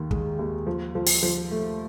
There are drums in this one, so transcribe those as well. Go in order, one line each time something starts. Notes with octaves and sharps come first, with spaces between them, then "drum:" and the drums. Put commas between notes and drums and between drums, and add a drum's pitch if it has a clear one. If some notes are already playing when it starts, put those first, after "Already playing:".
Already playing: D#2 D#3
G#3, drum: kick
D#2
F3
F3
drum: open hi-hat
F3
A3